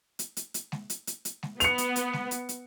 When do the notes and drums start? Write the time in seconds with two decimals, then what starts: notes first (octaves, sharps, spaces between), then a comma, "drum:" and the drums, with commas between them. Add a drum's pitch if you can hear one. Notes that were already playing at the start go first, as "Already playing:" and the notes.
0.19 drum: hi-hat
0.37 drum: hi-hat
0.54 drum: hi-hat
0.72 drum: snare G#3
0.90 drum: hi-hat
1.07 drum: hi-hat
1.25 drum: hi-hat
1.43 drum: snare G#3
1.60 B3 C#7 F7, drum: hi-hat
1.78 drum: hi-hat
1.96 drum: hi-hat
2.13 drum: snare G#3
2.31 drum: hi-hat
2.49 drum: hi-hat